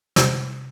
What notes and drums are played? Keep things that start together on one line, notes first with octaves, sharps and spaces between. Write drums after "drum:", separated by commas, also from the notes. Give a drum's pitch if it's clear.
C3, drum: snare